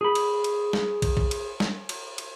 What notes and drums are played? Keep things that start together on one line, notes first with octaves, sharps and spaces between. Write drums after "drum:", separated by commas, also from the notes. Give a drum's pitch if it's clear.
G#4 B5
drum: cymbal
drum: cymbal
drum: snare
drum: kick, cymbal
drum: kick
drum: cymbal
drum: snare
drum: cymbal
drum: cymbal